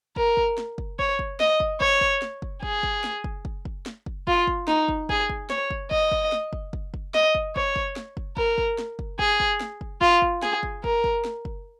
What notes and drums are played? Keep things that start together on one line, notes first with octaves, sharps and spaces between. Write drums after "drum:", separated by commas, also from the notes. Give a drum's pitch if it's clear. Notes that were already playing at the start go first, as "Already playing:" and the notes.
A#4, drum: kick
drum: kick
drum: snare
drum: kick
C#5, drum: kick
drum: kick
D#5, drum: snare
drum: kick
C#5, drum: kick
drum: kick
drum: snare
drum: kick
G#4, drum: kick
drum: kick
drum: snare
drum: kick
drum: kick
drum: kick
drum: snare
drum: kick
F4, drum: kick
drum: kick
D#4, drum: snare
drum: kick
G#4, drum: kick
drum: kick
C#5, drum: snare
drum: kick
D#5, drum: kick
drum: kick
drum: snare
drum: kick
drum: kick
drum: kick
D#5, drum: snare
drum: kick
C#5, drum: kick
drum: kick
drum: snare
drum: kick
A#4, drum: kick
drum: kick
drum: snare
drum: kick
G#4, drum: kick
drum: kick
drum: snare
drum: kick
F4, drum: kick
drum: kick
G#4, drum: snare
drum: kick
A#4, drum: kick
drum: kick
drum: snare
drum: kick